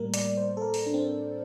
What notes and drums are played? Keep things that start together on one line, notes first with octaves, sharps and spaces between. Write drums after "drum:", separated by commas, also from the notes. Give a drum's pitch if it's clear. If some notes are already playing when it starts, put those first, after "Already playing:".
Already playing: A2 G3 A#3 A#4
D5, drum: hi-hat
C5
A4
A#4
drum: open hi-hat
D4
C4